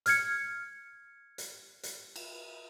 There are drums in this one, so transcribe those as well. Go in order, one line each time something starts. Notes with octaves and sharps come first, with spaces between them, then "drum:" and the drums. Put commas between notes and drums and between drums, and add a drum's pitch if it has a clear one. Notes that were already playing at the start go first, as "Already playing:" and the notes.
F6 G#6 C#7, drum: hi-hat
drum: hi-hat
drum: hi-hat
drum: cymbal